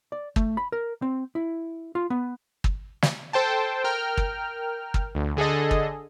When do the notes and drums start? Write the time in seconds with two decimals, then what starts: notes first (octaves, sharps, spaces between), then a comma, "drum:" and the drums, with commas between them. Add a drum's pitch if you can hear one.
0.12 D5
0.36 A3, drum: kick
0.57 B5
0.72 A#4
1.02 C4
1.35 E4
1.95 F4
2.10 B3
2.64 drum: kick
3.02 drum: snare
3.33 A4 C5 G5 A5
3.84 A#4 G5 F6
4.17 drum: kick
4.94 drum: kick
5.15 D2
5.37 D3 G#4 A4 D#5
5.71 drum: kick